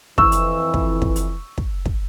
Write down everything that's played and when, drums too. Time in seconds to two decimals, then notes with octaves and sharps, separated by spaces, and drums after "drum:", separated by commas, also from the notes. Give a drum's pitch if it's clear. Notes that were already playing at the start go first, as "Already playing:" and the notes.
0.18 F2 E3 C#6 E6, drum: kick
0.32 drum: hi-hat
0.74 drum: kick
1.02 drum: kick
1.16 drum: hi-hat
1.58 drum: kick
1.86 drum: kick